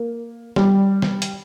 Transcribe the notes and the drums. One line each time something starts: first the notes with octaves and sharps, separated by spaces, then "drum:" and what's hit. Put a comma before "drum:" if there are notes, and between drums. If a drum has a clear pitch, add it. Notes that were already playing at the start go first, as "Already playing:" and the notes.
Already playing: A#3
G3, drum: snare
drum: snare
drum: hi-hat